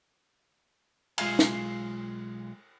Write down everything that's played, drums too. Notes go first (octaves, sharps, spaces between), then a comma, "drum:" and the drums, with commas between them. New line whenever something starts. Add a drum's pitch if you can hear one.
B1 G#3 F4 G#4 F5 G#5, drum: cymbal
drum: snare